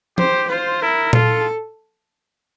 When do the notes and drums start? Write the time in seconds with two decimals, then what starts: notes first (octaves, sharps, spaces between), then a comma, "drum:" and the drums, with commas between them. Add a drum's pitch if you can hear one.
0.18 G4 C5, drum: tom
0.50 F4 C5
0.82 E4 A#4
1.13 F4 A4, drum: tom A#2